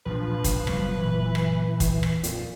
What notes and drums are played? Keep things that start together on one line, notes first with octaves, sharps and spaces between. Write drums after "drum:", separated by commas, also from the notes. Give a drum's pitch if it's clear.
E1 A#2 F3 D4 B4
drum: kick, hi-hat
F#1 B2 G3, drum: rim click
A#2 E3
drum: rim click
drum: kick, hi-hat
drum: rim click
F2 A#2, drum: hi-hat